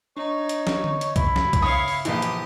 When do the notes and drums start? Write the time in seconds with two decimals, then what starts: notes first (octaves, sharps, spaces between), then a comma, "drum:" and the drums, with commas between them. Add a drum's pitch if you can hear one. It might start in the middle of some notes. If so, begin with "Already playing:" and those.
0.17 D4 D#4 C#5
0.49 drum: hi-hat
0.67 drum: snare
0.84 drum: tom D3
1.01 drum: hi-hat
1.16 G2 C#3 E4, drum: kick B1, hi-hat
1.36 drum: snare
1.53 drum: kick B1, hi-hat
1.62 C#5 F5 D#6
1.88 drum: open hi-hat
2.05 A#1 E3 G4 D#6, drum: hi-hat
2.22 drum: hi-hat